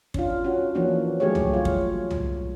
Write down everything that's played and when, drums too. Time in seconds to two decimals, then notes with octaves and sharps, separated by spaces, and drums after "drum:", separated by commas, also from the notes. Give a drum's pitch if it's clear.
0.14 C#4 D4 F4, drum: kick
0.44 C#4 F#4
0.75 E3 F3 A#3 C#4 D4 F#4
1.20 F#3 G3 A3 G4 G#4 C#5
1.35 drum: tom C2
1.53 F4 C#5
1.65 drum: kick
2.11 drum: tom C2